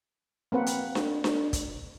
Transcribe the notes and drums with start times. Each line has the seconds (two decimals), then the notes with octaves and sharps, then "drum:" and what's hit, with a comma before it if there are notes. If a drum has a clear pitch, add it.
0.52 A#3 C4 B4 F#5
0.66 drum: hi-hat
0.95 drum: snare D4
1.24 drum: snare D4
1.53 drum: kick, hi-hat